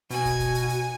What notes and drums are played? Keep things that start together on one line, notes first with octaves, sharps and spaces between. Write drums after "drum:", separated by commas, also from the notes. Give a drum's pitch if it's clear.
B2 F#4 G#5, drum: hi-hat
drum: kick, hi-hat
drum: kick, hi-hat
drum: hi-hat
drum: hi-hat